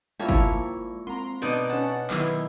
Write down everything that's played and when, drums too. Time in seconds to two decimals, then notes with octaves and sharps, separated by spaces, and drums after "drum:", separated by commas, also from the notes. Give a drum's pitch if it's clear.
0.20 F3 G#3 A#3 E4 C#5
0.29 drum: kick G1
1.07 C4 A#5 C6
1.42 B2 B3 D4 D#4 D5 F#5, drum: cymbal
1.70 C#4 F#5 A5
2.10 B2 D#3 F#3 B3 E4 C6 G#6, drum: clap